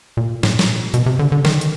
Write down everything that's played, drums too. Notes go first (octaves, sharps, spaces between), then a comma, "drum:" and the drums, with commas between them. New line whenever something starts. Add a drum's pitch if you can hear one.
A#2
A2, drum: snare
A#2
A2, drum: snare
A#2
B2, drum: hi-hat
C3
D3
D3
D#3, drum: snare
drum: hi-hat